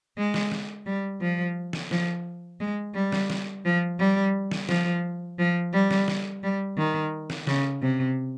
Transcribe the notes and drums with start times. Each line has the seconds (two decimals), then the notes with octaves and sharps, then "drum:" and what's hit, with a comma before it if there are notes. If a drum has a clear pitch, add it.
0.17 G#3
0.34 drum: snare
0.52 drum: snare
0.86 G3
1.21 F3
1.73 drum: snare
1.91 F3, drum: snare
2.60 G#3
2.94 G3
3.12 drum: snare
3.30 drum: snare
3.65 F3
3.99 G3
4.51 drum: snare
4.69 F3, drum: snare
5.39 F3
5.73 G3
5.91 drum: snare
6.08 drum: snare
6.43 G3
6.78 D#3
7.30 drum: snare
7.47 C#3, drum: snare
7.82 C3